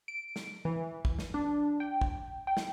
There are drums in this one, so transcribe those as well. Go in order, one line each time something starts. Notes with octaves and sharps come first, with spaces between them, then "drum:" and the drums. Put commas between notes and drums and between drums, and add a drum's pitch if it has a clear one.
D7
drum: snare
E3
drum: kick
drum: snare
D4
G5
drum: kick
G5
drum: snare